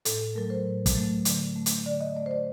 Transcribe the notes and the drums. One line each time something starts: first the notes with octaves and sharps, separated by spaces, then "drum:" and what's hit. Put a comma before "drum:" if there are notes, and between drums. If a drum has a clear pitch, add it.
A2 A4, drum: hi-hat
A4
F#3 A3 A#4
C5
A2
drum: kick, hi-hat
F#3 A3
D3, drum: hi-hat
A3
drum: hi-hat
D3 D5
D#5
A3 D5
C5
D5